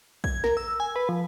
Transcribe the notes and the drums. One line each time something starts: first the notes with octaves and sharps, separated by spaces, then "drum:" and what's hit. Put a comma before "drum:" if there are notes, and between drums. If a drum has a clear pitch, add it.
G#6, drum: kick
A#4, drum: snare
E6
G#5
B4
F3